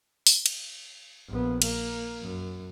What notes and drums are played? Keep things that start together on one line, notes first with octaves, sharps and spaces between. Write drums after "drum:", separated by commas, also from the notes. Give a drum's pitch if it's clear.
drum: open hi-hat
drum: cymbal
A#1 B3
A#3, drum: cymbal
F#2